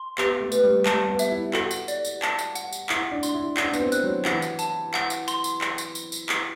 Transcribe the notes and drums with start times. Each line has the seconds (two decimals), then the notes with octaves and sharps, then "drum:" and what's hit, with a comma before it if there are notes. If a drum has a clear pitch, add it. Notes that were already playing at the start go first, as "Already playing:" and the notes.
Already playing: C6
0.18 B3 G4, drum: clap
0.41 A3
0.52 B4, drum: tambourine
0.63 G3
0.86 G3 A5, drum: clap
1.08 B3
1.19 E5, drum: tambourine
1.31 E4
1.53 F#4 A4, drum: clap
1.71 drum: tambourine
1.88 D5, drum: tambourine
2.05 drum: tambourine
2.22 A5, drum: clap
2.39 drum: tambourine
2.55 F#5, drum: tambourine
2.73 drum: tambourine
2.89 E4 F#5, drum: clap
3.12 D4
3.23 C6, drum: tambourine
3.34 E4
3.57 D4 F#5, drum: clap
3.73 B3, drum: tambourine
3.80 C4
3.92 F#6, drum: tambourine
4.03 F#3
4.25 E3 F#5, drum: clap
4.42 drum: tambourine
4.59 A5, drum: tambourine
4.94 F#5, drum: clap
5.10 drum: tambourine
5.28 C6, drum: tambourine
5.44 drum: tambourine
5.61 drum: clap
5.78 drum: tambourine
5.95 drum: tambourine
6.12 drum: tambourine
6.29 drum: clap